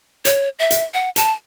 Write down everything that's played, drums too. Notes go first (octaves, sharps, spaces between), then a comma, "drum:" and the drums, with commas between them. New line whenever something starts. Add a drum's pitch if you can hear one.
C#5, drum: hi-hat
E5
drum: hi-hat
F#5
A5, drum: hi-hat